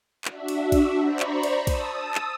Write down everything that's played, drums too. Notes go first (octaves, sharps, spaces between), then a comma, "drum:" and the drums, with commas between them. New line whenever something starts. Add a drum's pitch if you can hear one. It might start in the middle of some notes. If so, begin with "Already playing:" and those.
D4 F#4 E5, drum: clap
drum: cymbal
drum: kick, cymbal
C5 D5 A#5 B5 C#6
drum: clap
drum: cymbal
A5 D#6 E6
drum: kick, cymbal
drum: clap